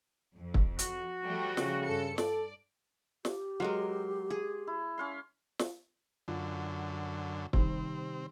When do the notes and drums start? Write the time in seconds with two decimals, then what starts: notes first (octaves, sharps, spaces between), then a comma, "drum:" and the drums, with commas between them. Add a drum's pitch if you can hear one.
0.33 F2
0.54 drum: kick
0.79 F#4, drum: hi-hat
1.22 F3 G3 A3
1.57 C#3, drum: snare
1.86 G2 A4 C#7
2.18 A4 D5, drum: snare
3.25 G4, drum: snare
3.60 F#3 G#3 A#4 C6
4.30 G#4
4.67 E4
4.98 C#4 F5 C6
5.59 drum: snare
6.28 F#2 D3 F4
7.53 C3 D#3 G3 C4, drum: kick